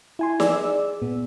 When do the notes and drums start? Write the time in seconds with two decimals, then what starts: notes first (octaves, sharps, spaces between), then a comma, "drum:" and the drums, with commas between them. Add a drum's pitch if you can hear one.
0.19 E4 G#5 C6
0.40 G#4 D5 E6, drum: snare
1.02 A#2 B3